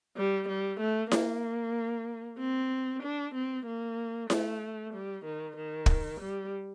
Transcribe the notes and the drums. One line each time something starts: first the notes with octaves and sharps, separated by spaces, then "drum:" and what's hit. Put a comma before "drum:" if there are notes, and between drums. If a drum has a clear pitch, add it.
G3
G3
A3
A#3, drum: snare E4
C4
D4
C4
A#3
A3, drum: snare E4
G3
D#3
D#3
drum: kick
G3